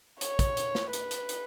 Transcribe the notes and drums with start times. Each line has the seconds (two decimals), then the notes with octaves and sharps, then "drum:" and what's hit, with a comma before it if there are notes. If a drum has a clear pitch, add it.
0.21 C#5, drum: hi-hat
0.39 drum: kick, hi-hat
0.57 drum: hi-hat
0.75 drum: snare
0.93 B4, drum: hi-hat
1.11 drum: hi-hat
1.29 drum: hi-hat